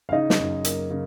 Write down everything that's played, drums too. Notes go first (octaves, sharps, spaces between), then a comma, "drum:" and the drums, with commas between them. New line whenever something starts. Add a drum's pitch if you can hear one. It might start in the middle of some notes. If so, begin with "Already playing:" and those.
F5
C#3 D#4 D#5
drum: snare
F#2
A#3, drum: hi-hat
C#3